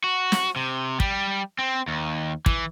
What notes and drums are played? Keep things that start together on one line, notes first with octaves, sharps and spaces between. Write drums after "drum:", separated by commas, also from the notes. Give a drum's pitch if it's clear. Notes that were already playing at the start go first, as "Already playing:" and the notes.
F#4
drum: snare
C3
G3, drum: kick
C4
D#2
E3, drum: kick